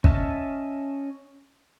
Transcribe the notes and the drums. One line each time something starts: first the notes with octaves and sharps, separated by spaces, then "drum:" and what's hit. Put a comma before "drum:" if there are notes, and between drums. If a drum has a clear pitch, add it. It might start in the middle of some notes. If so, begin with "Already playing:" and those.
C#4 D#5 E5 A5, drum: kick